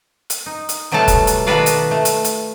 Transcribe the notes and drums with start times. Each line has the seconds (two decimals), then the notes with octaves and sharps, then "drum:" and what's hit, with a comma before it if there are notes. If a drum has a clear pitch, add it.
0.30 drum: hi-hat
0.46 D#4
0.69 drum: hi-hat
0.92 B2 F#3 G3 A3 A4 A5
1.08 drum: kick F1, hi-hat
1.27 drum: hi-hat
1.47 D#3 F#4 A4 B4 D5 F5
1.66 drum: hi-hat
1.91 A3
2.05 drum: hi-hat
2.24 drum: hi-hat